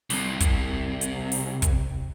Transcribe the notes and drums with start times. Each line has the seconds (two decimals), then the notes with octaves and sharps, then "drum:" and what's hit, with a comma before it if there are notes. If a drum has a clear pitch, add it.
0.10 C2 C3, drum: open hi-hat
0.40 drum: kick, hi-hat
1.01 drum: hi-hat
1.32 drum: open hi-hat
1.62 drum: kick, hi-hat